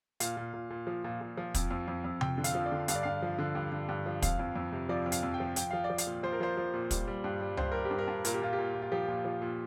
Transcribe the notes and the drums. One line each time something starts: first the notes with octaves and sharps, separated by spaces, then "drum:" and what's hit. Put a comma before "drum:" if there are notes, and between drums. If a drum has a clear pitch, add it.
A#2 F5, drum: hi-hat
A#2
A#2
A#2
F3
A#2
A#2
F3
F2, drum: kick, hi-hat
F2
F2
F2
F2 G5, drum: tom C3
D3
F5, drum: hi-hat
F3
D5
D3
G2 F5, drum: hi-hat
D5
G2 F5
F3
D3
G2
D3
G2
F3
F2 F5, drum: kick, hi-hat
F2
F2
C3
F3 D5
F2
F5, drum: hi-hat
F2
G5
F3
F3 G5, drum: hi-hat
F3 F5
D5
F3
F5, drum: hi-hat
A#2
F3 C5
A#4
F3 C5
F3
A#2
G3, drum: kick, hi-hat
G3
G2
G3
G2 C5, drum: tom C#2
G3 A#4
G4
G2
A#4
G2
A#2 A#4, drum: hi-hat
G4
A#2 F4
G4
A#2
A#2
F4
F3 G4
A#2
F3
A#2